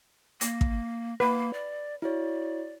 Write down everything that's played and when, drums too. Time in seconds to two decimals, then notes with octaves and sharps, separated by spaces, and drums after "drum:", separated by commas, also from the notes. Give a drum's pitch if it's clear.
0.41 A#3 A#6, drum: hi-hat
0.61 drum: kick
1.20 A#3 B4
1.53 D5
2.02 E4 F#4 C#5 D5